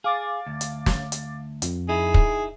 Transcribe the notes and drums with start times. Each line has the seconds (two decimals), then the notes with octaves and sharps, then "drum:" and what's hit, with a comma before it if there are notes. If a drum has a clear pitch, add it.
0.04 G#4 F5 D6 A6
0.47 D2
0.61 drum: hi-hat
0.86 drum: snare
1.12 drum: hi-hat
1.62 F2, drum: hi-hat
1.89 D#4 E4 G#4
2.14 drum: kick